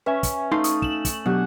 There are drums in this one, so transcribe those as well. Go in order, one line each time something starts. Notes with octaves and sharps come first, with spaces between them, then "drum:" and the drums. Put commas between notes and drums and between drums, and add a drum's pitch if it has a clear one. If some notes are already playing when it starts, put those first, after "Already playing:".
C#4 B4 E5 G#5
drum: kick, hi-hat
A3 D#4 F5 C6
D#6, drum: hi-hat
E7 F#7, drum: kick
drum: kick, hi-hat
B2 F#3 D4 G4 F#5 G#5